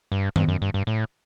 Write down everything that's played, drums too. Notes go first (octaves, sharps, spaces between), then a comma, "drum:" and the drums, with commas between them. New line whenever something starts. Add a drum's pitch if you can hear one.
G2
G2, drum: tom D#3
F#2
G2
G2
A2